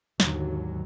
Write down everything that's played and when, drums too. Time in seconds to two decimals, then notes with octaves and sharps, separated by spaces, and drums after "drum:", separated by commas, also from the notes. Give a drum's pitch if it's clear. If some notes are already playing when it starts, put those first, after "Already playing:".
0.20 D#2 G#2 D3 F#3, drum: snare